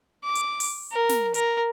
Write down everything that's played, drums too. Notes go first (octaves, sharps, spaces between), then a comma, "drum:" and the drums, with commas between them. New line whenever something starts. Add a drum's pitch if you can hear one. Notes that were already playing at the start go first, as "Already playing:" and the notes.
D6
drum: hi-hat
drum: open hi-hat
A#4
drum: snare
A#4, drum: hi-hat